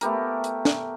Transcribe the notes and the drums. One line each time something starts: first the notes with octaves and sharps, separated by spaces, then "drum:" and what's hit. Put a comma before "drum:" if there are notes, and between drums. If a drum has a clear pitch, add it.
A3 B3 G4 A#4, drum: hi-hat
drum: hi-hat
drum: snare